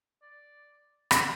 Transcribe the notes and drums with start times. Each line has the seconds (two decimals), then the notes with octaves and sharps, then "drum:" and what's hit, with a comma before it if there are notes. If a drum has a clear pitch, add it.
0.22 D5
1.11 drum: rim click